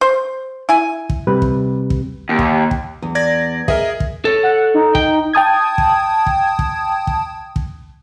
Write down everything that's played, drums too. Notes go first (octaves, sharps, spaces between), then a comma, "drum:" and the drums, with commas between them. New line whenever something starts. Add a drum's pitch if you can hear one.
C5
E4 G#5
drum: kick
C3 G3 B4
drum: kick
drum: kick
D#2
drum: kick
drum: kick
E2
D5 G#6 A#6
G#4 A#4 D#5 E5, drum: kick
drum: kick
A4 C#5
F#5
D#4
G5, drum: kick
G5 A5 D#6 G#6
drum: kick
drum: kick
drum: kick
drum: kick
drum: kick